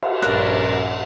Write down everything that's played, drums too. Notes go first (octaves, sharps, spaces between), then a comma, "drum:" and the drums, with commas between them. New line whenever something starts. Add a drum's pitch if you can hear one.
drum: cymbal
A#1 G2 C#4 D4 A#4 B4 F#6, drum: rim click